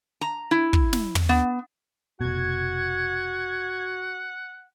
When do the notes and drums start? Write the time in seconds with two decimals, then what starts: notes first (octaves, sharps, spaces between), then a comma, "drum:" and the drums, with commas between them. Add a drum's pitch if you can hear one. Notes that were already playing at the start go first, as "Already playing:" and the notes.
0.21 A#5
0.51 E4
0.73 drum: kick
0.93 drum: snare
1.15 drum: tom
1.29 B3
2.21 F1 B2 F#4 F#5 G#6